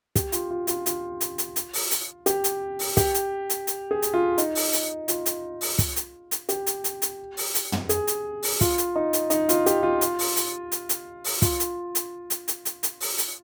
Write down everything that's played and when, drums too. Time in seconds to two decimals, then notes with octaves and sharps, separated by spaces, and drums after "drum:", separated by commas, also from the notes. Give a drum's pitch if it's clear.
0.16 G4, drum: kick, hi-hat
0.32 F4, drum: hi-hat
0.51 F4
0.67 F4, drum: hi-hat
0.86 F4, drum: hi-hat
1.21 drum: hi-hat
1.38 drum: hi-hat
1.56 drum: hi-hat
1.73 drum: open hi-hat
1.91 drum: hi-hat
2.26 G4, drum: hi-hat
2.44 drum: hi-hat
2.79 drum: open hi-hat
2.97 G4, drum: kick, hi-hat
3.14 drum: hi-hat
3.50 drum: hi-hat
3.67 drum: hi-hat
3.91 G#4
4.02 drum: hi-hat
4.14 F4
4.38 D#4, drum: hi-hat
4.55 drum: open hi-hat
4.73 drum: hi-hat
5.08 F4, drum: hi-hat
5.26 drum: hi-hat
5.61 drum: open hi-hat
5.79 drum: kick, hi-hat
5.96 drum: hi-hat
6.31 drum: hi-hat
6.49 G4, drum: hi-hat
6.67 drum: hi-hat
6.84 drum: hi-hat
7.02 drum: hi-hat
7.37 drum: open hi-hat
7.55 drum: hi-hat
7.72 drum: tom
7.89 G#4, drum: hi-hat
8.07 drum: hi-hat
8.43 drum: open hi-hat
8.61 F4, drum: kick, hi-hat
8.78 drum: hi-hat
8.96 D#4
9.13 drum: hi-hat
9.30 D#4, drum: hi-hat
9.49 F4, drum: hi-hat
9.66 G4, drum: hi-hat
9.83 F4
10.01 drum: hi-hat
10.19 drum: open hi-hat
10.36 drum: hi-hat
10.72 drum: hi-hat
10.89 drum: hi-hat
11.24 drum: open hi-hat
11.42 F4, drum: kick, hi-hat
11.60 drum: hi-hat
11.95 drum: hi-hat
12.30 drum: hi-hat
12.48 drum: hi-hat
12.65 drum: hi-hat
12.83 drum: hi-hat
13.01 drum: open hi-hat
13.18 drum: hi-hat